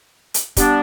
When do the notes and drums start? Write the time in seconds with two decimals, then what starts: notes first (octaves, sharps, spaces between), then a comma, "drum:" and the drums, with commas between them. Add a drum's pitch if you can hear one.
0.34 drum: hi-hat
0.57 G3 B3 D4, drum: kick, hi-hat